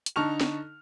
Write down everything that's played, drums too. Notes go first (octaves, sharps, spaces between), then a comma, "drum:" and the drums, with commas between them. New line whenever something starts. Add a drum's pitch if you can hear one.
drum: hi-hat
D3 D#4 A5 C#6 F6 F7
drum: snare